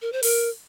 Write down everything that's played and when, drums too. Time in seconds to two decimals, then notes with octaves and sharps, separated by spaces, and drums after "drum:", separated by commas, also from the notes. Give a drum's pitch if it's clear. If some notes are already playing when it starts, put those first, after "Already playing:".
0.02 A#4
0.12 C5
0.23 A#4, drum: open hi-hat